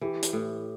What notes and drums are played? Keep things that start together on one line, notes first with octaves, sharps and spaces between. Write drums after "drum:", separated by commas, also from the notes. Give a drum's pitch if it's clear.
E3 G4
drum: hi-hat
A2